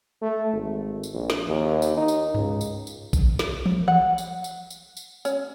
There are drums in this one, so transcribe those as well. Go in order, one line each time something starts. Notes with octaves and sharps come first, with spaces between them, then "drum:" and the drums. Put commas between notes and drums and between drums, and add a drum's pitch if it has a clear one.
A3
G#1
drum: tambourine
A#1
drum: snare
D#2
drum: tambourine
D#4
drum: tambourine
C#2, drum: tom G2
drum: tambourine
drum: tambourine
drum: kick A#1, tambourine
drum: snare
drum: tom E3
F#5
drum: tambourine
drum: tambourine
drum: tambourine
drum: tambourine
C#4, drum: tambourine